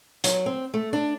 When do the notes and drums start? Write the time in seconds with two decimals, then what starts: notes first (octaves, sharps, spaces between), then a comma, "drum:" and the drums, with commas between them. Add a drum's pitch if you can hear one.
0.24 F#3, drum: hi-hat
0.46 C4
0.74 A3
0.93 D4